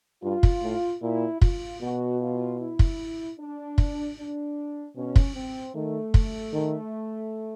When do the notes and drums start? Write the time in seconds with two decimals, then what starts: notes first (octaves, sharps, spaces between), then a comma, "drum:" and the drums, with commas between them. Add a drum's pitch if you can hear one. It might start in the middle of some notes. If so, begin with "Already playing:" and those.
0.23 G2 F4
0.43 drum: kick
0.63 A2
1.02 A#2 E4
1.42 F4, drum: kick
1.81 B2 F#4
2.21 F4
2.59 E4
2.79 drum: kick
3.39 D4
3.78 drum: kick
4.17 D4
4.96 B2 C#4
5.16 drum: kick
5.35 C4
5.74 D#3 A3
6.14 drum: kick
6.53 D#3